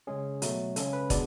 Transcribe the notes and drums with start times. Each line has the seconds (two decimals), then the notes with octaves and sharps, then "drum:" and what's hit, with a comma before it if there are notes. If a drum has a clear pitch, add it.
0.07 C#3 G#3 C#4 G#4
0.42 B2 F#3 A3, drum: hi-hat
0.76 C#3 G#3 C#4 A4, drum: hi-hat
0.93 B4
1.10 B2 G#3 B3 D4 D5, drum: kick, hi-hat